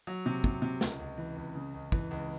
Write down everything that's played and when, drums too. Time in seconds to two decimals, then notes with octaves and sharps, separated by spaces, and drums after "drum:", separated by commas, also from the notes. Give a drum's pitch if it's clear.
0.07 F#3
0.26 C3
0.44 C3, drum: kick
0.62 C3
0.81 C#2, drum: snare
1.00 C#2
1.18 E3
1.37 C#2
1.55 C#3
1.74 C#2
1.92 E3, drum: kick
2.11 C#2